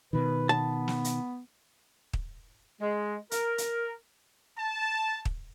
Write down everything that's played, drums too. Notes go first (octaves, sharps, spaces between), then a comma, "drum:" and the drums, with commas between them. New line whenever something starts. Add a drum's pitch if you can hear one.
B2 D#3 B4
B3 A5
drum: snare
drum: hi-hat
drum: kick
G#3
A#4, drum: hi-hat
drum: hi-hat
A5
drum: kick